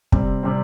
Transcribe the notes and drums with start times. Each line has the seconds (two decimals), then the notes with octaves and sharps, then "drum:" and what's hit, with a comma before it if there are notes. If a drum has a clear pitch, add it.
0.12 C3 G3 C4, drum: kick
0.43 C3 G3 C4